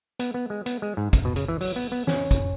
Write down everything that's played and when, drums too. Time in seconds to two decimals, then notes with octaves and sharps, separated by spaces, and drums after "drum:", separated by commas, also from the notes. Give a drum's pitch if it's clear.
0.19 B3, drum: hi-hat
0.34 B3
0.50 G#3
0.66 B3, drum: hi-hat
0.82 G#3
0.97 G#2
1.13 drum: kick, hi-hat
1.25 B2
1.36 C#3, drum: hi-hat
1.48 E3
1.61 F#3, drum: open hi-hat
1.76 B3
1.92 B3
2.07 C#4, drum: snare
2.31 drum: kick, hi-hat